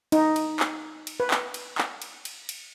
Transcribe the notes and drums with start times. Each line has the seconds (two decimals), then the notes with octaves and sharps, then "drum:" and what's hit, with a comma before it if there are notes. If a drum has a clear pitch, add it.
0.12 D#4, drum: cymbal
0.36 drum: cymbal
0.60 drum: clap
1.07 drum: cymbal
1.20 B4
1.31 drum: clap
1.54 drum: cymbal
1.78 drum: clap
2.02 drum: cymbal
2.25 drum: cymbal
2.49 drum: cymbal